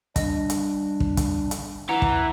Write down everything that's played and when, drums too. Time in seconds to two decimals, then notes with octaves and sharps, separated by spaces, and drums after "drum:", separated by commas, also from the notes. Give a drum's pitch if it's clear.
0.16 G3 D4 D#5, drum: kick, hi-hat
0.50 drum: hi-hat
1.00 drum: kick
1.17 drum: kick, hi-hat
1.51 drum: hi-hat
1.89 E3 F#5 A#5
2.02 drum: kick